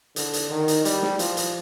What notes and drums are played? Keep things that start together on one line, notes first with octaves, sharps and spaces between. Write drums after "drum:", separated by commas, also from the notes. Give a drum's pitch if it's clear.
D3, drum: hi-hat
drum: hi-hat
D#3
drum: hi-hat
G3, drum: hi-hat
drum: snare
F3, drum: hi-hat
drum: hi-hat